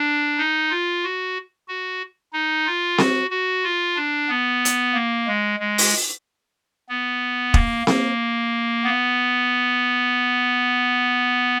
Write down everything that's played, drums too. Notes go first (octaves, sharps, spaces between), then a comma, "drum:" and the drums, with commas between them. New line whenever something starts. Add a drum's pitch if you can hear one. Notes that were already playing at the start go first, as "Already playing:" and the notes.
Already playing: D4
D#4
F4
F#4
F#4
D#4
F4
F#4, drum: snare C4
F#4
F4
D4
B3
drum: hi-hat
A#3
G#3
G#3
drum: open hi-hat
B3
A#3, drum: kick
A#3, drum: snare C4
B3